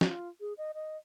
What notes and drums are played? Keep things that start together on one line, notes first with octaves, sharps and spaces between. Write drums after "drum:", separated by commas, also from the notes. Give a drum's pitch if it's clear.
F4, drum: snare
G#4
D#5
D#5